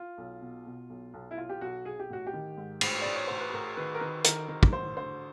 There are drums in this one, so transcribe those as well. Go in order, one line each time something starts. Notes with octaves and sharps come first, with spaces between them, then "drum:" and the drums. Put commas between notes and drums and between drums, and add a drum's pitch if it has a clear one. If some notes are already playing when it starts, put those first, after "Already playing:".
Already playing: F4
B1
B2
B2
B1
B1
E4
B1 F4
G4
B1 F#4
B1 G#4
G4
A1 F#4
G4
D#3
G#2
A1, drum: cymbal
A1 D5
C#5
A1 C5
B4
A1 A#4
D#3 B4
A#4
D#3 B4
D#3 A#4, drum: hi-hat
D#3 A#4
drum: kick
A1 C5
D3 C5